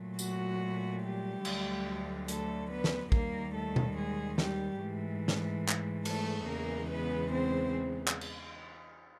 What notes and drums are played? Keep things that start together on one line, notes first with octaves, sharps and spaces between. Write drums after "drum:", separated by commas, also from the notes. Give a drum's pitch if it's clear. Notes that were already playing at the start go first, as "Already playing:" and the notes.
Already playing: A#2 F#3 A3
F#4, drum: tambourine
G3 G4
D2 D3 F#3 A3, drum: cymbal
A3 A4, drum: hi-hat
B3 B4
drum: snare
D#2 D#3 G3 A#3 A#4, drum: kick
A3 A4
drum: tom B2
G#3 G#4
G3 G4, drum: snare
G#2 E3 A3
drum: snare
drum: clap
A3 A4, drum: cymbal
E2 C#3 E3 G#3 A#3 A#4
B3 B4
C4 C5
drum: clap
drum: cymbal